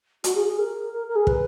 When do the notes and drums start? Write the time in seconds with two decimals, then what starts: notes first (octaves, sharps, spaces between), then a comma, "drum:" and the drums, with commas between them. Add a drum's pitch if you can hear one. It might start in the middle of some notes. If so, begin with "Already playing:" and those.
0.24 F#4, drum: hi-hat
0.35 G#4
0.47 G#4
0.59 A#4
0.93 A#4
1.08 A#4
1.15 G#4
1.27 B4, drum: kick